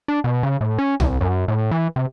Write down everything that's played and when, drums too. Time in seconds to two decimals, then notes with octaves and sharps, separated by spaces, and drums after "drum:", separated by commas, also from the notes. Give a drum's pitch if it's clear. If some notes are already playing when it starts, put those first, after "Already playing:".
0.08 D4
0.24 B2
0.43 C#3
0.61 A2
0.78 C#4
1.00 C2, drum: tom C#2
1.21 F#2
1.48 A2
1.71 E3
1.96 C3